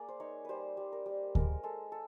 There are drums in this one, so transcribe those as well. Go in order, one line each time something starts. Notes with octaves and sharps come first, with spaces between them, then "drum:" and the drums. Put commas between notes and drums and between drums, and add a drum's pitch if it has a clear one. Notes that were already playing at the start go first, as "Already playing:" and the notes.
Already playing: A#3 G#4 D5
C5
D#4 C#5
G3 B4 C5
G3
A#4
G3
G#3 A#4, drum: kick D2
G#3 A4
A4